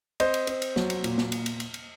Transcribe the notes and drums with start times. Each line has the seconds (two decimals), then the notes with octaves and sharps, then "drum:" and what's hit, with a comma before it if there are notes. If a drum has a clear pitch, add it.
0.20 C4 C5 D#5, drum: cymbal
0.34 drum: cymbal
0.47 C4, drum: cymbal
0.62 drum: cymbal
0.76 F#3, drum: snare
0.90 drum: cymbal
1.04 A#2, drum: cymbal
1.18 drum: snare
1.32 drum: cymbal
1.46 drum: cymbal
1.60 drum: cymbal
1.74 drum: cymbal